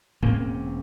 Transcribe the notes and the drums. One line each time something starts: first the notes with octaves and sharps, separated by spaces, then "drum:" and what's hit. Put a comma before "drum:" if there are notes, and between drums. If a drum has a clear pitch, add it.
E1 A#3 C4 C#4, drum: tom G#2